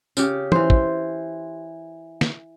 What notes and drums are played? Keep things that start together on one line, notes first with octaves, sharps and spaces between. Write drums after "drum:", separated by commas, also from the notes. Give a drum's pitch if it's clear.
C#3 G4, drum: tambourine
E3 C5, drum: tom
drum: kick
drum: snare